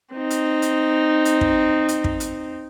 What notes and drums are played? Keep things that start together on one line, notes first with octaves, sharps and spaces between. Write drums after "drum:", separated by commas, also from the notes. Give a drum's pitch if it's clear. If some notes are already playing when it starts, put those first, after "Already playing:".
C4 D#4
drum: hi-hat
drum: hi-hat
drum: hi-hat
drum: kick
drum: hi-hat
drum: kick
drum: hi-hat